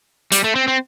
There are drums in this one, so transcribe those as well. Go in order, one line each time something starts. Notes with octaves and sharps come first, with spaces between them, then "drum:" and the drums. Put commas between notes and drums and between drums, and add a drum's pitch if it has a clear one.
G3, drum: hi-hat
A3
C4
C4